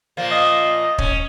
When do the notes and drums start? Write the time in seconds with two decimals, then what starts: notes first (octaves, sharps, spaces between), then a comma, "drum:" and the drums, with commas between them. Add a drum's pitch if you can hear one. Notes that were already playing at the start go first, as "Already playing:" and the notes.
0.17 A#2 F3 A#3
0.31 D#5
0.98 C#4, drum: kick